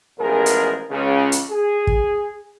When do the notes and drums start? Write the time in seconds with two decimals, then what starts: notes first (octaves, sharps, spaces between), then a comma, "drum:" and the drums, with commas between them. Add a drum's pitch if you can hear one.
0.19 A1 B2 F3 G#3 G#4 A#4
0.46 drum: hi-hat
0.90 C#2 C#3
1.32 drum: hi-hat
1.51 G#4
1.87 drum: kick